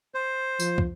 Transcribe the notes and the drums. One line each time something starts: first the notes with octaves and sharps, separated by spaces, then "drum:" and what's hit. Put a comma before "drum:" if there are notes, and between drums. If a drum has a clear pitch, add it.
C5
F3, drum: tambourine
drum: kick